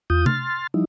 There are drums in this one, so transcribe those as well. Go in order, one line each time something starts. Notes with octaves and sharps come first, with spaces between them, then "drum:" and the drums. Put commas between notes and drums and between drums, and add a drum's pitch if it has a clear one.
E2 F4 D#6 G6
C6 F6 A6, drum: tom C3
F3 G3 D#4 E4